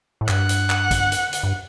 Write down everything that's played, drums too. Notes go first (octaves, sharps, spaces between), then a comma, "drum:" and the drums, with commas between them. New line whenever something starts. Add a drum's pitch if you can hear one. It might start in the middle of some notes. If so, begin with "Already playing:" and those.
A2
G2 F#5, drum: clap
drum: hi-hat
drum: clap
drum: kick, hi-hat
drum: hi-hat
drum: hi-hat
G2